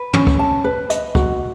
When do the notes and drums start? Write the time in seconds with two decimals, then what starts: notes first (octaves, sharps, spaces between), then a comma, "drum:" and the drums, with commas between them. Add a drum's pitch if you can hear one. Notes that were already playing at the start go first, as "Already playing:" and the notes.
Already playing: B4
0.13 C#4, drum: tom
0.27 drum: kick
0.39 A5
0.64 B4
0.90 D#5, drum: hi-hat
1.15 F#4, drum: kick